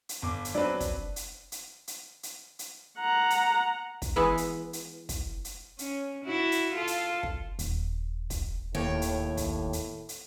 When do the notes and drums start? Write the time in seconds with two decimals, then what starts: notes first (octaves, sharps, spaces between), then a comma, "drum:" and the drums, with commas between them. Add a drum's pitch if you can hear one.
0.09 drum: hi-hat
0.22 G1 D6
0.45 drum: hi-hat
0.54 F#3 C4 D4 B4
0.80 drum: kick, hi-hat
1.16 drum: hi-hat
1.52 drum: hi-hat
1.88 drum: hi-hat
2.23 drum: hi-hat
2.59 drum: hi-hat
2.99 F#5 A#5
3.30 drum: hi-hat
4.02 drum: kick, hi-hat
4.16 E3 G#3 B3 E4 B4
4.37 drum: hi-hat
4.73 drum: hi-hat
5.09 drum: kick, hi-hat
5.45 drum: hi-hat
5.79 C#4, drum: hi-hat
6.25 E4 F#4
6.52 drum: hi-hat
6.75 F4 A4
6.87 drum: hi-hat
7.23 drum: kick
7.59 D#1, drum: hi-hat
8.30 drum: kick, hi-hat
8.75 D#2 A2 C#5 G5
9.02 drum: hi-hat
9.37 drum: kick, hi-hat
9.73 drum: hi-hat
10.09 drum: hi-hat